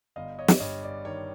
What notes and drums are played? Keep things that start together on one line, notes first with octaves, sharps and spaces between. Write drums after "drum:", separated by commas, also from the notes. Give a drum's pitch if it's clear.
G1 D#5 F5
C#5 D#5
drum: snare
G2 C#5 D#5
D5
D#3 C#5